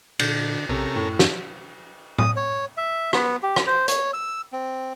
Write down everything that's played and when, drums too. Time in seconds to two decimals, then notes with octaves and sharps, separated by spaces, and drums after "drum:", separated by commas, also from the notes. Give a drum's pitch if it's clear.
0.19 A#2 D3, drum: cymbal
0.69 A#1 C3 C#4 A4 A#4
0.96 F#2 A2
1.19 drum: snare
2.18 D#6, drum: tom A2
2.36 C#5
2.77 E5
3.13 B3, drum: rim click
3.43 G4
3.56 drum: rim click
3.67 C5
3.88 C#5, drum: hi-hat
4.14 E6
4.53 C4